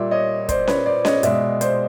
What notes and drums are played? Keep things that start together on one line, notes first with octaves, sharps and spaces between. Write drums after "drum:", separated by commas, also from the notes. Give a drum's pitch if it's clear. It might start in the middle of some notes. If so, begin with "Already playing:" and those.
Already playing: A#2 G3 D5 E5
C#5 D#5
C5 D5, drum: kick, hi-hat
B4 C#5, drum: snare C#4
C5 D5
C#5 D#5, drum: snare C#4
B2 G#3 D5 E5, drum: hi-hat
C5 D5, drum: hi-hat